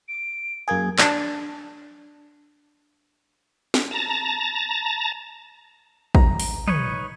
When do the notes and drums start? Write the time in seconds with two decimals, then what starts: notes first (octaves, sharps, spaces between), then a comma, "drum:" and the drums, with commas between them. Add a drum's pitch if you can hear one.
0.08 D7
0.68 F#2 A#3 G#4 G#5 G#6
0.98 D4 D5, drum: clap
3.74 drum: snare
3.91 A5 A#5
6.15 A#5, drum: kick
6.40 drum: open hi-hat
6.68 D#4 B4 C#5, drum: tom